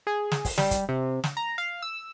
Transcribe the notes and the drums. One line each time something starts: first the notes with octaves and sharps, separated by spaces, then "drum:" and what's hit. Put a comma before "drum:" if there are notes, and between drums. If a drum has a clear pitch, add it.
G#4
drum: snare
drum: kick, open hi-hat
G3, drum: snare
drum: kick, hi-hat
C3
drum: snare
A#5
F5
E6